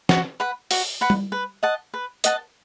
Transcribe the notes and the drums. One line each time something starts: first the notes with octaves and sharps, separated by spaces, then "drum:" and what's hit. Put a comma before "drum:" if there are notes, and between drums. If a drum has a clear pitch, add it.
F#4, drum: snare
B4 F#5 B5
F#4, drum: open hi-hat
B4 F#5 B5
drum: tom G3
B4
D#5 F#5 A5
B4
D#5 F#5 A5, drum: hi-hat